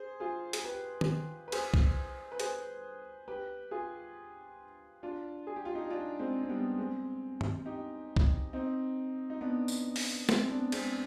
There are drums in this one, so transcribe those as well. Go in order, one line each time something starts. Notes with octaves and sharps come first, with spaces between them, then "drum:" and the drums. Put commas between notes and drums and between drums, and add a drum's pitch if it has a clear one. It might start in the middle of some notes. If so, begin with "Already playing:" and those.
Already playing: G#4 C5
F4 G#4
G#4, drum: hi-hat
G4 B4
drum: tom
B4
G#4 C5, drum: cymbal
drum: kick B1
B4
G#4 C5, drum: hi-hat
G4 B4
F4 G#4
D4 F4
G#4
G4
F4
D#4 G4
D4 F4
G#3 C4
C4
G3 B3
G#3 C4
drum: tom G2
D#4 G4
drum: kick B1
C4 D#4
D#4
B3 D4
drum: tambourine
drum: open hi-hat
G#3 C4, drum: snare
B3 D4
G#3 C4, drum: cymbal